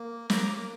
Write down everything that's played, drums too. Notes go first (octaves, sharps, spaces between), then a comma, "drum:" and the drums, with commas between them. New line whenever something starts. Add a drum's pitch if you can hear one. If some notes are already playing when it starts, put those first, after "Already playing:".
Already playing: A#3
A#3 A#5 D6, drum: snare